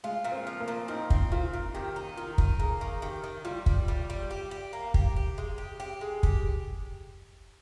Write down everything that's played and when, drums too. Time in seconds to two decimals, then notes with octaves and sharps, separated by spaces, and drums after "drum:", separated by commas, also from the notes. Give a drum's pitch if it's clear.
0.04 G#3 F4
0.24 A#2
0.32 C4
0.47 F3
0.60 A#3
0.68 A#2
0.88 C4 D#4
1.10 C4, drum: kick
1.32 A#2 F4
1.53 A#2
1.74 D#3 G4
1.96 D#4
2.17 D#3 F4
2.38 D#4, drum: kick
2.59 A#3 G#4
2.81 D#3
3.02 D#3 G4
3.24 D#3
3.45 G3 F4
3.66 G3, drum: kick
3.88 G3
4.10 G3
4.31 G4
4.51 G4
4.73 A#3
4.94 G4, drum: kick
5.16 G4
5.38 G#3
5.58 G4
5.80 G4
6.01 G#3 G#4
6.23 G4, drum: kick